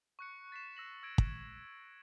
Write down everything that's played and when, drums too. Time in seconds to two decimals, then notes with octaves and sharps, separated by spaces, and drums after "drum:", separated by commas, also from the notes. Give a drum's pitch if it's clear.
0.19 C#6 F#6 C#7
0.52 A6 B6 C7 E7
0.77 E6 A#6 F#7
1.03 E6 G#6 D7
1.18 drum: kick